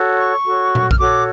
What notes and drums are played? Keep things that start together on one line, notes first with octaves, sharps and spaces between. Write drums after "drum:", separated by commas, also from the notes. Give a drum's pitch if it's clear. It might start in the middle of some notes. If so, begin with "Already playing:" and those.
Already playing: F#4 A4 C#5
C#6
F#4 A4 C#5
drum: tom A#2
F6, drum: kick A#1
F#4 A4 C#5 D6